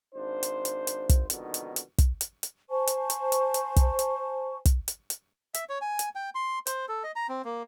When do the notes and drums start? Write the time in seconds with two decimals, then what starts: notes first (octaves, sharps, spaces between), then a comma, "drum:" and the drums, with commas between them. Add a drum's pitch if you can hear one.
0.15 G#1 D4 C5
0.43 drum: hi-hat
0.65 drum: hi-hat
0.87 drum: hi-hat
1.09 drum: kick, hi-hat
1.30 F2 G#2 B2 D3 D#3, drum: hi-hat
1.54 drum: hi-hat
1.76 drum: hi-hat
1.98 drum: kick, hi-hat
2.21 drum: hi-hat
2.43 drum: hi-hat
2.70 C5 G#5 A5 C#6
2.87 drum: hi-hat
3.10 drum: hi-hat
3.32 drum: hi-hat
3.54 drum: hi-hat
3.76 drum: kick, hi-hat
3.99 drum: hi-hat
4.65 drum: kick, hi-hat
4.88 drum: hi-hat
5.10 drum: hi-hat
5.54 E5, drum: hi-hat
5.69 C#5
5.81 G#5
5.99 drum: hi-hat
6.15 G5
6.35 C6
6.67 C5, drum: hi-hat
6.89 A4
7.04 D#5
7.16 A#5
7.29 C4
7.45 A#3